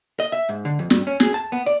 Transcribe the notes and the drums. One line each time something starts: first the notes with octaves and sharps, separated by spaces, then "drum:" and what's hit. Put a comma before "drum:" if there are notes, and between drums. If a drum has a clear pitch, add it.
D#5
E5
G#2
D3
F2
G2, drum: snare
C#4
G#4, drum: snare
A5
B3
D5